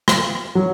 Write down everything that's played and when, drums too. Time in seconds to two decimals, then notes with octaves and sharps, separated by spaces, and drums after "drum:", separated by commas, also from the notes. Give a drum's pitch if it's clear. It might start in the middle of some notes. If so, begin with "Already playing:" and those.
0.08 drum: rim click
0.55 F#3